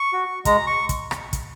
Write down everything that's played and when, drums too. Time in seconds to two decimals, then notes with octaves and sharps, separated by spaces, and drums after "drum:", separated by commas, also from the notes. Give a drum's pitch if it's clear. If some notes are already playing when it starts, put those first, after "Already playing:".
Already playing: C#6
0.13 F#4
0.45 G#3 A#5, drum: kick, hi-hat
0.67 C#6
0.89 drum: kick, hi-hat
1.11 drum: rim click
1.33 drum: kick, hi-hat